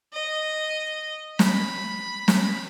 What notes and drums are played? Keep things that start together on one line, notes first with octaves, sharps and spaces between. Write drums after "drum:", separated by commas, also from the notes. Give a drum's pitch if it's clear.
D#5
B5, drum: snare
drum: snare